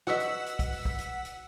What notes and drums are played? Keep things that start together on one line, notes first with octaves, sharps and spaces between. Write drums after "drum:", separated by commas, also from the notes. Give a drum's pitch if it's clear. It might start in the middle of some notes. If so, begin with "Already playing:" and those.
F#4 B4 D#5 F#5 E6 B6, drum: snare
drum: hi-hat
drum: hi-hat
drum: kick, hi-hat
drum: open hi-hat
drum: kick
drum: hi-hat
drum: hi-hat